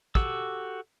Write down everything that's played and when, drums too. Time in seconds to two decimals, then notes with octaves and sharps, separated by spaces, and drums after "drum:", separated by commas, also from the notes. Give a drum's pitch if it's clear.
0.15 F#4 G4 A4 E6, drum: kick